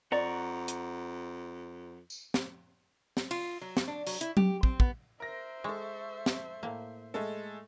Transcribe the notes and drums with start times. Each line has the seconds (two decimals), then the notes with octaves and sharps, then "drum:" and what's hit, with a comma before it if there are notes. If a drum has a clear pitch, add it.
0.12 F2 D5 F#5 A#5 C#6
0.68 drum: hi-hat
2.10 drum: tambourine
2.34 drum: snare
3.17 drum: snare
3.31 F4, drum: cymbal
3.61 F#3
3.77 drum: snare
3.88 D4
4.07 F#3, drum: open hi-hat
4.21 E4, drum: hi-hat
4.37 G4, drum: tom F#3
4.63 C4, drum: kick
4.80 B3, drum: kick
5.20 A#4 C5 E5 A#6
5.64 G#3 A4 C#6
6.26 drum: snare
6.63 A2 A#3
7.14 G#3 A3 A4